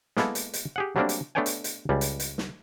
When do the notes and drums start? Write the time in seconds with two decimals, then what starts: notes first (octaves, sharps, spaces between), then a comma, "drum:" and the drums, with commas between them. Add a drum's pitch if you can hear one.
0.17 G#3 A#3 B3 E4 A4, drum: snare
0.35 drum: hi-hat
0.53 drum: hi-hat
0.76 G4 G#4 F#5
0.96 F#3 G3 A3 A#3 C4 D4
1.09 drum: hi-hat
1.35 A3 B3 D4 C#5 G5 G#5
1.46 drum: hi-hat
1.64 drum: hi-hat
1.89 C#2 G3
2.01 drum: hi-hat
2.20 drum: hi-hat
2.38 drum: snare